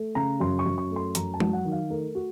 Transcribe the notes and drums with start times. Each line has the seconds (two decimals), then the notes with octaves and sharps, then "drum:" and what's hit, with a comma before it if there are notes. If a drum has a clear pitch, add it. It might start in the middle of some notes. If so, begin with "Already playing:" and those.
Already playing: A3
0.15 C#3 A#5
0.40 F#2 C6
0.59 C#6
0.66 F#2
0.78 C#6
0.91 A3
0.96 C6
1.15 F#2 A#5, drum: hi-hat
1.34 A5
1.40 F#3, drum: tom G#3
1.53 F#5
1.65 D#3
1.72 F5
1.90 A3 A#4
2.15 F#4